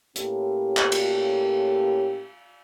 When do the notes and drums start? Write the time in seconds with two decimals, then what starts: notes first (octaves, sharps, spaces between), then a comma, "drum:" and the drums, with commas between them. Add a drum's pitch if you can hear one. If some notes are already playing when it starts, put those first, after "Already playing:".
0.16 A2 A#3 C#4 E4 G4 A4, drum: hi-hat
0.77 drum: clap
0.92 drum: cymbal